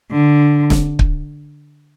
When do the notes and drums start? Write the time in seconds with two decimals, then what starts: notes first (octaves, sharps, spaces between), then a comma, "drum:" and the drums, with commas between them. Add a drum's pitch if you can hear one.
0.12 D3
0.70 drum: snare
0.99 drum: kick